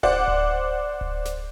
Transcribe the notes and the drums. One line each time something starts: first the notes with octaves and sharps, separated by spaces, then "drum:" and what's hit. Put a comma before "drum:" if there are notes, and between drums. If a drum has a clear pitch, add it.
C5 D5 F#5, drum: kick D1
drum: kick D1
drum: kick D1
drum: snare